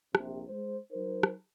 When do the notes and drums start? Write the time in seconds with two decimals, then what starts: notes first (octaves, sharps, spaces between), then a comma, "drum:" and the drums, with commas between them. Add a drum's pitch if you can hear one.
0.15 A#1 C3, drum: rim click
0.48 G#3 C5
0.92 F#3 D#4 A#4 C5
1.23 drum: rim click